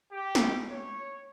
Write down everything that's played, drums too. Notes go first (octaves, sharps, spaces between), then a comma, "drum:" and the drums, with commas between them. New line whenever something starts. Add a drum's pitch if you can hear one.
G4
drum: snare
C#5